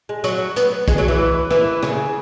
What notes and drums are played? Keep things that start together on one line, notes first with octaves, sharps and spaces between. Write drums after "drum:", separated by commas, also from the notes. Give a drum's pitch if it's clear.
G#3
F#3, drum: hi-hat
B3, drum: hi-hat
G#3, drum: kick, hi-hat
F#3
E3
E3, drum: rim click
C#3, drum: rim click